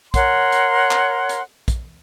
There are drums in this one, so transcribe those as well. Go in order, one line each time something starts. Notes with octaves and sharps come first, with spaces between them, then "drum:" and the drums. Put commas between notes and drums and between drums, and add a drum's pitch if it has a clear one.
A#4 C#5 F#5 C6, drum: kick, hi-hat
drum: hi-hat
drum: clap
drum: hi-hat
drum: kick, hi-hat